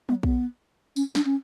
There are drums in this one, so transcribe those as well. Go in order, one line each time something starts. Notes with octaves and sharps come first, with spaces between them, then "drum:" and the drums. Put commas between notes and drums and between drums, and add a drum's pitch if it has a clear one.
B3, drum: tom
B3, drum: kick A#1
C#4, drum: tambourine
D4, drum: snare
C#4